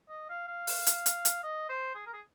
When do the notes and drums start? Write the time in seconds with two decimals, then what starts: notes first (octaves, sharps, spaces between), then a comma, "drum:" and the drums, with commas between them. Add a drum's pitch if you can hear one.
0.09 D#5
0.29 F5
0.48 F5
0.67 drum: open hi-hat
0.87 drum: hi-hat
1.06 drum: hi-hat
1.25 drum: hi-hat
1.43 D#5
1.69 C5
1.95 G#4
2.07 A#4
2.14 G#4